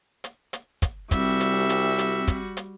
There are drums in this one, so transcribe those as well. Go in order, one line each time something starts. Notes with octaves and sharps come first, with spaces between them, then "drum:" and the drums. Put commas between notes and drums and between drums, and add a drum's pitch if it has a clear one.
drum: hi-hat
drum: hi-hat
drum: kick, hi-hat
C2 G3 C4 F#4 E5, drum: kick, hi-hat
drum: hi-hat
drum: hi-hat
drum: hi-hat
drum: kick, hi-hat
drum: hi-hat